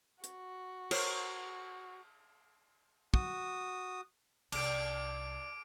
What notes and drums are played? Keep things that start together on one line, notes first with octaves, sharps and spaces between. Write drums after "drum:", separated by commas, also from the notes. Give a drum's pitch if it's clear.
F#4, drum: hi-hat
A#4 C5 C#5, drum: cymbal
F#4 D#6, drum: kick
C2 D4 G5 D6 D7, drum: cymbal